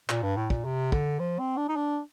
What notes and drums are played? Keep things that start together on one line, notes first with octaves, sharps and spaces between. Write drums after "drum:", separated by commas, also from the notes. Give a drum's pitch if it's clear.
A#2, drum: clap
G2
A2
A#2, drum: kick
C3
D3, drum: kick
F3
C4
D4
D#4
D4